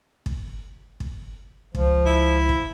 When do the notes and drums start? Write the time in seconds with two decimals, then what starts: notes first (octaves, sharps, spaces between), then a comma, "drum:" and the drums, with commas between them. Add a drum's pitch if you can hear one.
0.26 drum: kick
1.00 drum: kick
1.75 C#2 F3, drum: kick
2.06 E4
2.49 drum: kick